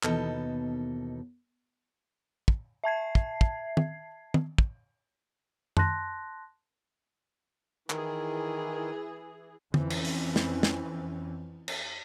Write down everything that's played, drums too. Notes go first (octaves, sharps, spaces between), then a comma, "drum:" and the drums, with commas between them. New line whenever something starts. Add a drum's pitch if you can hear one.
D#2 B2 E3 B3 D#4 A4, drum: clap
drum: kick
E5 A5 G#6 C7
drum: kick
drum: kick
drum: tom
drum: tom
drum: kick
A5 C6 F#6 A#6, drum: tom F#2
D#3 E3 G#4, drum: clap
F2 E3 C4 C#4, drum: tom
drum: cymbal
drum: open hi-hat
drum: snare
drum: snare
drum: cymbal